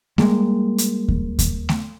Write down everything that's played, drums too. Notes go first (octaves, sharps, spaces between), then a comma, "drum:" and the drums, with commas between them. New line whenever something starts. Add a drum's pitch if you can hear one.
G3 G#3 A#3, drum: snare A3
drum: hi-hat
drum: kick D#2
drum: kick D#2, hi-hat
drum: snare A3